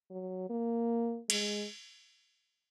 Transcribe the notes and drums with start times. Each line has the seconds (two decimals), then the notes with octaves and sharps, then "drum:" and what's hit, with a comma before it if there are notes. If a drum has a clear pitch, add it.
0.11 F#3
0.50 A#3
1.30 G#3, drum: cymbal